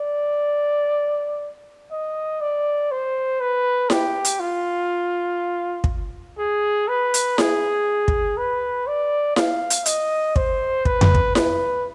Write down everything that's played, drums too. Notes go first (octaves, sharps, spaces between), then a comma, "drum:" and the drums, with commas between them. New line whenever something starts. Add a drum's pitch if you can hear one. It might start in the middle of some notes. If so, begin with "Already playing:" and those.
Already playing: D5
D#5
D5
C5
B4
G4, drum: snare E4
drum: hi-hat
F4
drum: kick
G#4
B4
drum: hi-hat
G#4, drum: snare E4
drum: kick
B4
D5
F5, drum: snare E4
drum: hi-hat
D#5, drum: hi-hat
C5, drum: kick
B4, drum: kick
drum: tom F2
drum: kick
B4, drum: snare E4